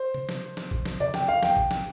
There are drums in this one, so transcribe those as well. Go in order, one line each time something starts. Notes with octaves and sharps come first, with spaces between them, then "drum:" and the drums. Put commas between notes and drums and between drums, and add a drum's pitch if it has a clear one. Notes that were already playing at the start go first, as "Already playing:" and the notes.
Already playing: C5
drum: tom C3
drum: snare
drum: snare
drum: kick
drum: snare
D5, drum: tom C3
G5, drum: snare
F5
G5, drum: snare
drum: kick
drum: snare